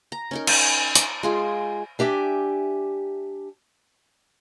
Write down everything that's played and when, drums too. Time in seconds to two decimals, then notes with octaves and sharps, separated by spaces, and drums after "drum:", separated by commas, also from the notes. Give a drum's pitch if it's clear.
0.12 A#5
0.31 C#4 D#4 A#4
0.47 G5 G#5, drum: cymbal
0.95 A5 A#5 D6, drum: hi-hat
1.23 G#3 F4 G#4
1.99 D4 G4 E5 G#5